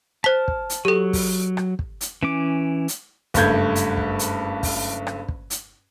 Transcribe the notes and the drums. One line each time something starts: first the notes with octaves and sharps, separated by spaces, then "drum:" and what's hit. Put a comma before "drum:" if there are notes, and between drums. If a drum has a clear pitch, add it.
C5 A5 F6 B6
drum: kick
drum: hi-hat
F#3 G4 A4
drum: kick, open hi-hat
drum: rim click
drum: kick
drum: hi-hat
E3 C#4 D6
drum: hi-hat
F#1 G2 A3 G6 G#6, drum: kick, hi-hat
drum: hi-hat
drum: kick
drum: hi-hat
drum: kick, open hi-hat
drum: rim click
drum: kick
drum: hi-hat